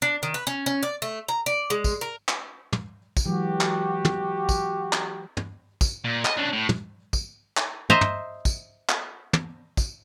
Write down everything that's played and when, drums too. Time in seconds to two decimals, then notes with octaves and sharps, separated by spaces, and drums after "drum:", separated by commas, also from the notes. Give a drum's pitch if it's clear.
0.02 D4
0.23 D#3
0.34 B4
0.47 C#4
0.66 C#4
0.83 D5
1.02 A3
1.28 A#5
1.46 D5
1.70 G#3
1.84 drum: kick, tambourine
2.01 A#4
2.28 drum: clap
2.72 drum: tom
3.17 drum: kick, tambourine
3.26 E3 F#3 G#3 F#4 G4
3.61 drum: clap
4.05 drum: tom
4.49 drum: kick, tambourine
4.93 drum: clap
5.37 drum: tom
5.81 drum: kick, tambourine
6.05 A#2
6.25 D#5, drum: clap
6.37 C#4 D4
6.53 A2
6.69 drum: tom
7.13 drum: kick, tambourine
7.57 drum: clap
7.90 C5 D#5 E5 A#5
8.01 drum: tom
8.45 drum: kick, tambourine
8.89 drum: clap
9.33 drum: tom
9.77 drum: kick, tambourine